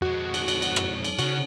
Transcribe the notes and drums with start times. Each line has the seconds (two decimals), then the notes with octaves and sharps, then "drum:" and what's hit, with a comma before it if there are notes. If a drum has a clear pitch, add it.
0.02 F2 G#3 F#4
0.34 drum: cymbal
0.48 drum: cymbal
0.62 drum: cymbal
0.76 drum: rim click
1.04 drum: cymbal
1.19 C#3 C#4 F#4, drum: cymbal